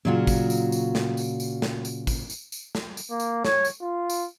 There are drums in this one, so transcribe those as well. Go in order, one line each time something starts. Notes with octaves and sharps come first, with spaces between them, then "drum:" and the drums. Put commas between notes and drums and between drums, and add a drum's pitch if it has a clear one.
A#2 C#3 F#3 F4 F#4
drum: kick, tambourine
drum: tambourine
drum: tambourine
drum: snare
drum: tambourine
drum: tambourine
drum: snare
drum: tambourine
drum: kick, tambourine
drum: tambourine
drum: tambourine
drum: snare
drum: tambourine
A#3
drum: tambourine
C#5, drum: snare
drum: tambourine
F4
drum: tambourine